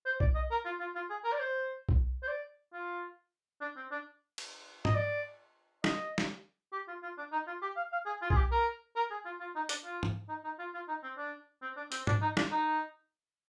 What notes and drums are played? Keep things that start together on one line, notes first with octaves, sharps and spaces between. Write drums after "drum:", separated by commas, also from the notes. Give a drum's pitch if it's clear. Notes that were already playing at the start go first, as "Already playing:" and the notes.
C5
D5, drum: kick B1
D#5
A#4
F4
F4
F4
G#4
A#4
D5
C5
drum: kick B1
C5
D5
F4
D4
C4
D4
drum: cymbal
D#5, drum: tom G#2
D5
D#5, drum: snare
drum: snare
G4
F4
F4
D4
D#4
F4
G4
F5
F5
G#4
F4
G#4, drum: kick B1
G4
A#4
A#4
G#4
F4
F4
D#4
D4, drum: hi-hat
F4
drum: tom
D#4
D#4
F4
F4
D#4
C4
D4
C4
D4
C4, drum: hi-hat
D4, drum: tom G#2
D#4
D4, drum: snare
D#4